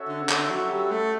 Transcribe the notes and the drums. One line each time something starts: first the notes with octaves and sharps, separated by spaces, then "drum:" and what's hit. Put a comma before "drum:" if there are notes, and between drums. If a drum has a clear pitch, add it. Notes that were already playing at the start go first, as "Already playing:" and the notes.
Already playing: C#4 F#4 A4 C#5 E5
D3
C#3
D3, drum: clap
F#3
G3
A3